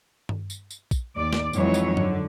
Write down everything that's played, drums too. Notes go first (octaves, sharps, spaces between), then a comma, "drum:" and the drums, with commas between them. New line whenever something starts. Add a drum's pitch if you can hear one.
drum: tom G2
drum: tambourine
drum: tambourine
drum: kick, tambourine
D#2 D5
drum: snare
F2 E3 F#3 G#3 D#4 C#5, drum: tambourine
drum: tambourine
D3, drum: tom G2